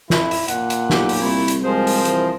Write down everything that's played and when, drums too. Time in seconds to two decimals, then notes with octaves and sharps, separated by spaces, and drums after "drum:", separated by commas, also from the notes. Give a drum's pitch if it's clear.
0.10 F2 E4, drum: snare
0.31 drum: open hi-hat
0.48 A#2 F#5, drum: hi-hat
0.70 drum: hi-hat
0.90 B1 G4, drum: snare
1.09 drum: open hi-hat
1.22 C2 A3 E4
1.48 drum: hi-hat
1.64 F3 G#3 G#4 A#4 C5
1.87 drum: open hi-hat
2.05 E3, drum: hi-hat